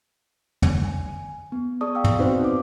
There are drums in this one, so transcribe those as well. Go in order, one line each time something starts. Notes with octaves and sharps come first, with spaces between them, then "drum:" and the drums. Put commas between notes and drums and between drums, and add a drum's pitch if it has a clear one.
drum: tom
G#5
B3
B3 G#4 D5 A5 C#6 D#6
F5 G5 E6
drum: tom
B3 C4 D#4 F#4 B4 C5
D6